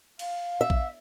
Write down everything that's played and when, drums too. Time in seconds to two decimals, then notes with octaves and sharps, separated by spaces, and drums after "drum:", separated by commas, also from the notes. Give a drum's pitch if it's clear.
0.19 F5, drum: cymbal
0.61 E5
0.70 drum: kick A#1